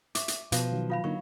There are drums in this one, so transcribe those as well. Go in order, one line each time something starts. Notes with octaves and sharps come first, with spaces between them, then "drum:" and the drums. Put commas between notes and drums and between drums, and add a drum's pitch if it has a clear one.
E5 C#6 D6, drum: hi-hat
drum: hi-hat
B2 F3 B4 F5, drum: hi-hat
D#3 F#3
F4 F5 B5
D3 F#3 A#3 D#4 C#6